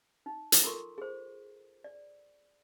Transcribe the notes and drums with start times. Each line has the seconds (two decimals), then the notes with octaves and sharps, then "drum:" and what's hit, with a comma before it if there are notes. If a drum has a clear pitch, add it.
0.26 D#4
0.52 drum: hi-hat
0.64 F4 A4 A#4 C6 C#6
0.98 G#4 C5
1.84 D5